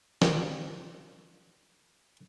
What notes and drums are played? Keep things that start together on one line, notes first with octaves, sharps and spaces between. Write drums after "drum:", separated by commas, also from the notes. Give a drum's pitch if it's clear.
D#3 G4, drum: snare